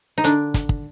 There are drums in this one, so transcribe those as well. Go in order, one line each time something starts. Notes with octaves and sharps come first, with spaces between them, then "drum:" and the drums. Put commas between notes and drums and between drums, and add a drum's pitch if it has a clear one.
D#4
D3 D4, drum: hi-hat
drum: kick, hi-hat
drum: kick